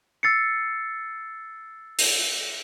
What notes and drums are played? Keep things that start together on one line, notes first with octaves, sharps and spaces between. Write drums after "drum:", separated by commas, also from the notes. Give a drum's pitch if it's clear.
E6 A6 C7 C#7
drum: open hi-hat